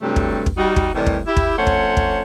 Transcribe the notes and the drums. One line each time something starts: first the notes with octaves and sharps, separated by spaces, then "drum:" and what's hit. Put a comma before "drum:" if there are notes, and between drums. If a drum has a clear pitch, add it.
G2 C3 F#3 G3 A3
drum: kick
drum: kick
G3 D#4 F#4
drum: kick
A2 C3 D#3 E3 G3
drum: kick
E4 G4
drum: kick
F2 A3 C#4 C5 C#5 F#5
drum: kick
drum: kick